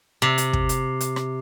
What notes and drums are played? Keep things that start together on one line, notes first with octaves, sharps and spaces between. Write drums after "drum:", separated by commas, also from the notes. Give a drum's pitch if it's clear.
C3
drum: hi-hat
drum: kick
drum: hi-hat
drum: hi-hat
drum: rim click